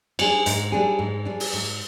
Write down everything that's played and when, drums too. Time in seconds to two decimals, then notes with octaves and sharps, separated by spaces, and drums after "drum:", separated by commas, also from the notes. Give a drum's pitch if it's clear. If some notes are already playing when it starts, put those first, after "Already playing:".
0.19 G3 D4 G#4, drum: cymbal
0.46 G#2, drum: hi-hat
0.72 G3 D4 G#4
0.99 G#2
1.25 G3 D4 G#4
1.40 drum: open hi-hat
1.53 G#2